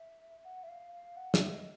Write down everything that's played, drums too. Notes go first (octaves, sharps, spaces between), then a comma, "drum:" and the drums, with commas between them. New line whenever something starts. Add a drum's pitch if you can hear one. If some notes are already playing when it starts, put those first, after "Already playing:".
Already playing: E5
F#5
E5
F5
F5
F#5
E5, drum: snare
D#5